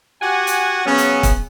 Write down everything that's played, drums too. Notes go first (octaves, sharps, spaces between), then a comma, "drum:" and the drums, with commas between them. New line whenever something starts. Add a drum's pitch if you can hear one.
F#4 G4 F#5 G#5
drum: hi-hat
C#3 F#3 B3 C#4
drum: hi-hat
drum: kick, hi-hat